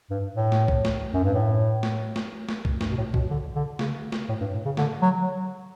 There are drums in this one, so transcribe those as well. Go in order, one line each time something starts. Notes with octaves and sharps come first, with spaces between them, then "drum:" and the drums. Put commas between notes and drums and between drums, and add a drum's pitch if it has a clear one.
G2
A2
drum: snare
drum: kick B1
drum: snare
F#2
G2
A2
drum: snare
drum: snare
drum: snare
drum: kick B1
G2, drum: snare
B2
A2
B2, drum: kick B1
D3
D3
C#3, drum: snare
drum: snare
A2
G2
A2
C#3
D3, drum: snare
F#3